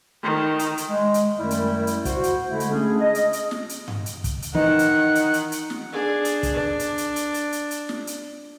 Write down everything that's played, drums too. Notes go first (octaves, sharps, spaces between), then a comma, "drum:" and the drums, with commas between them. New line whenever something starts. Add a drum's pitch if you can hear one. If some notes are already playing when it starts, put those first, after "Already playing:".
D#3
drum: hi-hat
drum: hi-hat
G#3
drum: hi-hat
F#2 D#3 G3 A3 E4
drum: hi-hat
drum: hi-hat
F#4 C5, drum: kick, hi-hat
drum: hi-hat
D3 G#3 A3 E4
drum: hi-hat
A3 C#4 D4 G#4
D#5
drum: hi-hat
drum: hi-hat
drum: snare
drum: hi-hat
drum: tom G2
drum: hi-hat
drum: kick, hi-hat
drum: hi-hat
D#3 E3 D#4 F#5
drum: hi-hat
drum: hi-hat
drum: hi-hat
drum: hi-hat
drum: snare
D4 G#4
drum: hi-hat
drum: kick, hi-hat
D4
drum: hi-hat
drum: hi-hat
drum: hi-hat
drum: hi-hat
drum: hi-hat
drum: hi-hat
drum: snare
drum: hi-hat